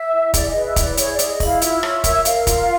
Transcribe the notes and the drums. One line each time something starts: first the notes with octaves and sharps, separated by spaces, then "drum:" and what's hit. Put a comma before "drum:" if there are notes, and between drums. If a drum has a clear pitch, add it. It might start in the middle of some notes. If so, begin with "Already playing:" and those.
Already playing: E5
E4
G#4 D5, drum: kick, hi-hat
D#5
B4
E5
E4, drum: kick, hi-hat
D5
G#4 C#5, drum: hi-hat
D5
E4, drum: hi-hat
D#5
E4, drum: kick, open hi-hat
F5
F4 E5, drum: hi-hat
C#5, drum: rim click
A#4, drum: kick, hi-hat
A#4 F5, drum: hi-hat
F4, drum: kick, hi-hat